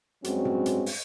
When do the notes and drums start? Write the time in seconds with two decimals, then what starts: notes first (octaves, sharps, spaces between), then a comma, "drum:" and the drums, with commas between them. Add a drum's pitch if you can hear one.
0.24 G2 F#3 G#3 C4 C#4 F#4, drum: hi-hat
0.45 drum: tom A2
0.66 drum: hi-hat
0.86 drum: open hi-hat